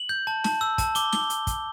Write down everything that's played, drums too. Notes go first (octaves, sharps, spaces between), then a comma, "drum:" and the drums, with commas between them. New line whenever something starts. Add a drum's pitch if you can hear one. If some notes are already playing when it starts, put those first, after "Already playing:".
Already playing: F#7
G6
A5
A5, drum: snare
E6
A5, drum: kick, hi-hat
D6 G7, drum: hi-hat
D6 G7, drum: snare
drum: hi-hat
drum: kick, hi-hat